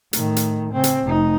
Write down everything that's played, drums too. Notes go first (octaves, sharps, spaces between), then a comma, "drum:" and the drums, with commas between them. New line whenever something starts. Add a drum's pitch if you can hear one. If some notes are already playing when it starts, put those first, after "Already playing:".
A2 D#3, drum: hi-hat
drum: hi-hat
C#3 C4
drum: hi-hat
F1 D#4